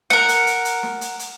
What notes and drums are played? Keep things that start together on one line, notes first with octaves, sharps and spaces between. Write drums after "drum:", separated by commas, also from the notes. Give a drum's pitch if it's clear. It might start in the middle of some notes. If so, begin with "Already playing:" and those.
A#4 F#5, drum: snare
drum: hi-hat
drum: hi-hat
drum: hi-hat
drum: snare
drum: hi-hat
drum: hi-hat